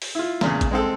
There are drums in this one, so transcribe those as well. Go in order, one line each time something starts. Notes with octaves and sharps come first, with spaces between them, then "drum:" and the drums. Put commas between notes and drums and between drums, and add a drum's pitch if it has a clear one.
drum: open hi-hat
E4 F4
E2 A#2 C#3, drum: snare
drum: kick A1, hi-hat
G#3 C4 A4